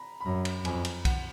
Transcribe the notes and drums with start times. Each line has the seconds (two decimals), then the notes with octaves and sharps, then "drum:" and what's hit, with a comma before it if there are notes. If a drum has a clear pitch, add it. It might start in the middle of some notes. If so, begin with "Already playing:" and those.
Already playing: A#5 B5
0.21 B5
0.25 F#2 A#5
0.45 drum: cymbal
0.65 F2 G#5, drum: cymbal
0.85 drum: cymbal
1.05 F#5, drum: kick B1, cymbal